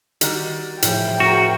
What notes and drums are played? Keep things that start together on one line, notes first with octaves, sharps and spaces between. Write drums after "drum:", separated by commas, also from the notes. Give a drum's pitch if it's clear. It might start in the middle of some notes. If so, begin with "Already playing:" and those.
D#3 G3 F#4, drum: hi-hat
A2 F3 G5, drum: hi-hat
C#4 F#4 G#4 A#4